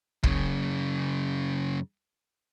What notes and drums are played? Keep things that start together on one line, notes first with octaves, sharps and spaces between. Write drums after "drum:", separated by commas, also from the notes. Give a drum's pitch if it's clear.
F#2 C#3, drum: kick